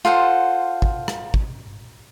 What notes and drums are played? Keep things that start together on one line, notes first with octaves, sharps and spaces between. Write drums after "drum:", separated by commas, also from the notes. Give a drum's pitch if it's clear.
F4 A4 C5 F#5
drum: kick
drum: rim click
drum: kick